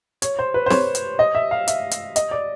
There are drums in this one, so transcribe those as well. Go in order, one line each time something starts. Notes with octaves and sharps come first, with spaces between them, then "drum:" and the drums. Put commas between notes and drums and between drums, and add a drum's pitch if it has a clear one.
C#5, drum: hi-hat
C5
B4
C5
C#5, drum: snare C4
drum: hi-hat
D#5
E5
F5
E5, drum: hi-hat
drum: hi-hat
D#5, drum: hi-hat
D5